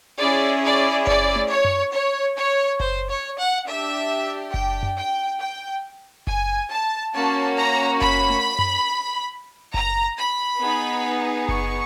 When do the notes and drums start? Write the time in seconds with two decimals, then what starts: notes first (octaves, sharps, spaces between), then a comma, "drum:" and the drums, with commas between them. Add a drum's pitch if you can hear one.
0.19 C#4 E4 G#4 D5
0.64 D5
1.07 D5, drum: kick F#1
1.36 drum: tom A3
1.50 C#5
1.65 drum: tom F#2
1.93 C#5
2.37 C#5
2.80 C5, drum: kick F#1
3.09 C#5
3.39 F#5
3.67 D4 G4 E5
4.54 G5, drum: kick F#1
4.83 drum: tom F#2
4.97 G5
5.41 G5
6.27 G#5, drum: kick F#1
6.71 A5
7.15 A#3 C#4 F#4 A5
7.58 A#5
8.01 B5, drum: kick F#1
8.30 drum: tom A3
8.59 drum: tom F#2
9.74 A#5, drum: kick F#1
10.18 B5
10.61 B3 D#4 G#4
11.49 C#6, drum: kick F#1